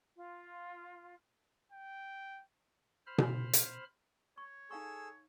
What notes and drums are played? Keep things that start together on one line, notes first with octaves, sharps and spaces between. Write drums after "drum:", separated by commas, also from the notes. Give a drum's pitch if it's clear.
F4
G5
C5 B5 F6
drum: tom B2
drum: hi-hat
C#5 C#6
D#4 G#4 A4 F5 C#6 E6